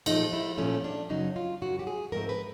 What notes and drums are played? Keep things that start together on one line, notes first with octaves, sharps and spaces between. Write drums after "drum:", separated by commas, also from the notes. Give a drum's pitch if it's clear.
A#2 F3 A3 D#4, drum: cymbal
E4
A#2 F3 A3 C#4
D4
F#2 C#3 F#3 D#4
F4
F#2 C#3 F#3 F#4
G4
G#4
G#2 F3 A3 C4 A#4
B4